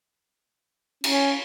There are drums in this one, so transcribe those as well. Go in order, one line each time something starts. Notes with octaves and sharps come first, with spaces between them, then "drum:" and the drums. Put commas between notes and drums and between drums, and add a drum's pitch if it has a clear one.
C#4, drum: cymbal